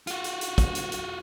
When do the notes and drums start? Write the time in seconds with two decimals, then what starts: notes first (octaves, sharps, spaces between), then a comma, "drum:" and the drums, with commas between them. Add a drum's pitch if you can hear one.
0.07 F4 F#4, drum: hi-hat
0.24 drum: hi-hat
0.41 drum: hi-hat
0.58 drum: kick, hi-hat
0.75 drum: hi-hat
0.92 drum: hi-hat